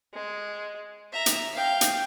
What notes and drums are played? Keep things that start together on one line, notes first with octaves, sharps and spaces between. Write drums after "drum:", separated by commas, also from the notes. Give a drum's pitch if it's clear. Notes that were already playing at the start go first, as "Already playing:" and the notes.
G#3
E5 A#5
drum: hi-hat
F5 G5
drum: hi-hat